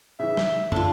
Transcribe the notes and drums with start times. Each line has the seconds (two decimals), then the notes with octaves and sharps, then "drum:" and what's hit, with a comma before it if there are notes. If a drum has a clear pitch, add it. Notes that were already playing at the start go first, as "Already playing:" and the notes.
0.19 C#3 E3 E5
0.37 G7, drum: snare
0.72 D3 D4 F4, drum: tom